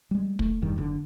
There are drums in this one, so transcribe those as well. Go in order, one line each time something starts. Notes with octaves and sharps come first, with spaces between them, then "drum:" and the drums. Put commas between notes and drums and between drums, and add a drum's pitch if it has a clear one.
G3 G#3
A3, drum: kick
F#1 E2 G2 D#3
F#1 A2 D3